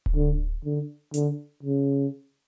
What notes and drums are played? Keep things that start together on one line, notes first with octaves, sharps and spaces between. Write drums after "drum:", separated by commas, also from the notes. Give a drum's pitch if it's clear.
drum: kick D1
D3
D3
D3, drum: hi-hat
C#3